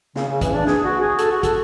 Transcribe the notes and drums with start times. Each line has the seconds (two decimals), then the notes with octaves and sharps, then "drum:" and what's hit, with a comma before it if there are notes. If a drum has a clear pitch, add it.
0.16 C#3, drum: snare
0.28 C#3
0.41 E3, drum: kick, hi-hat
0.54 D4
0.67 G#4, drum: snare
0.84 F#4
1.01 G#4
1.18 A4, drum: hi-hat
1.31 F#4
1.43 A4, drum: kick, hi-hat